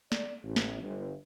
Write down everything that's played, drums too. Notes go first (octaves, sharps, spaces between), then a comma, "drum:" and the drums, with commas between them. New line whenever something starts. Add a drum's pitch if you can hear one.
D5, drum: snare
A1
drum: snare
G1